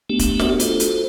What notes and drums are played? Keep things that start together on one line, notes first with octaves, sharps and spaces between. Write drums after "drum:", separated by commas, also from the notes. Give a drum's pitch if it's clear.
A3 B3 D4 G4
drum: kick, hi-hat
drum: snare
F4 F#4 A4 C5, drum: hi-hat
drum: hi-hat